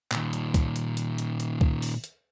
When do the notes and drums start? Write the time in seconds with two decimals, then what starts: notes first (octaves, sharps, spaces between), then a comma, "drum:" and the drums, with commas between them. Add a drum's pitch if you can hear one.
0.12 A#2 D#3, drum: clap
0.33 drum: hi-hat
0.54 drum: kick C#2, hi-hat
0.76 drum: hi-hat
0.97 drum: hi-hat
1.18 drum: hi-hat
1.40 drum: hi-hat
1.61 drum: kick C#2
1.82 drum: open hi-hat
2.04 drum: hi-hat